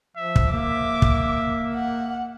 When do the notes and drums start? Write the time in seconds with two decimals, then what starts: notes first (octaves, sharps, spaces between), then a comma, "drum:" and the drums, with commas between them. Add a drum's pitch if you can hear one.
0.17 F3 E5
0.36 drum: kick
0.52 A#3 E5 D6
1.02 drum: kick
1.74 F#5